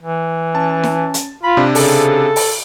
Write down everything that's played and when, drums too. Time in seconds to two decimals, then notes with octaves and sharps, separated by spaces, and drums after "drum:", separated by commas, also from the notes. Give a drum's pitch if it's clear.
0.01 E3
0.55 C#4 A5
0.83 drum: snare
1.14 drum: hi-hat
1.43 F4 B5
1.57 C3 D4
1.75 C#3 A4, drum: open hi-hat
2.36 drum: open hi-hat